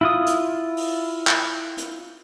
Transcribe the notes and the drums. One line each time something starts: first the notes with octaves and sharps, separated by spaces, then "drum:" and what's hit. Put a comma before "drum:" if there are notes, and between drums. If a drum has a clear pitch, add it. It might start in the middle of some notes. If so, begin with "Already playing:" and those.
E4 F4 D#6
drum: hi-hat
drum: open hi-hat
drum: clap
drum: hi-hat